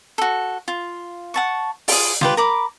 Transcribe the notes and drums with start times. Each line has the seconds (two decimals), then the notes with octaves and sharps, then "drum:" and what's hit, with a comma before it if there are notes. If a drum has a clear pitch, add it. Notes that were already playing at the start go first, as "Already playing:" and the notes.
0.18 F#4 A4
0.68 F4
1.34 F#5 A5 C#6
1.88 F4 G#4, drum: open hi-hat
2.21 F4 G4 B4, drum: snare
2.37 A#4 B5 D6